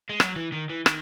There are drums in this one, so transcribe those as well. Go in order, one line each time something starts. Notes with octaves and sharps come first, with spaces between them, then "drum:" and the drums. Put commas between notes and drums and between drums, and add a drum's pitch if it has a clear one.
G#3
F#3, drum: rim click
E3
D#3
E3
D#3, drum: rim click